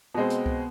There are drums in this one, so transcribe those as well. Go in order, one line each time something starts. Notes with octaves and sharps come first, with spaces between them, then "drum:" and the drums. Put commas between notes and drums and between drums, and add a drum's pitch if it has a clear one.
B2 G#3 B3 C4
drum: hi-hat
drum: kick C2